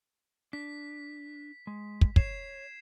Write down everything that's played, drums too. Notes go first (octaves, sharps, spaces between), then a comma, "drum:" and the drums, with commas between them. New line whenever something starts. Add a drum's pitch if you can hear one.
D4 B6
G#3
drum: kick
C#5 G#6 C7 E7, drum: kick